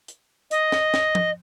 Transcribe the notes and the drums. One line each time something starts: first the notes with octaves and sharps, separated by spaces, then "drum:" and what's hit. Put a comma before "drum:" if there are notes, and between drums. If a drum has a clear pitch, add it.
drum: hi-hat
D#5, drum: hi-hat
drum: snare
drum: snare
drum: tom F3